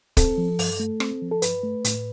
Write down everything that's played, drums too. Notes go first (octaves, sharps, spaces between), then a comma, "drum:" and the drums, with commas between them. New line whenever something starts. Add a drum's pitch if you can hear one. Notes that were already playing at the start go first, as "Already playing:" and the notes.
C4 A4, drum: kick, hi-hat
F3
G2, drum: open hi-hat
A3
C4, drum: rim click
F3
A4
G2 B4, drum: hi-hat
A3
A2, drum: hi-hat